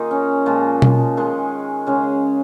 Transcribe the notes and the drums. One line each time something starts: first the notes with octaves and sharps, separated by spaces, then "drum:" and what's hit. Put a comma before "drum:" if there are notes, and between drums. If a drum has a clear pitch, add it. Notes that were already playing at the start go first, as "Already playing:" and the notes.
Already playing: D#3 A#3 D#4 F4 G#4
C#4
A#2 F3 G#3
drum: tom B2
D#3 G#3
C#3 G#3 C#4